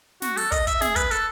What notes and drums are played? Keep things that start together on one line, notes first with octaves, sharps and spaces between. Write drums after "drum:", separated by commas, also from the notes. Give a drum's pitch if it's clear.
F#4, drum: snare
A4, drum: open hi-hat
D#5, drum: kick, hi-hat
E5, drum: kick, hi-hat
G#4, drum: snare
B4, drum: kick, hi-hat
A4, drum: hi-hat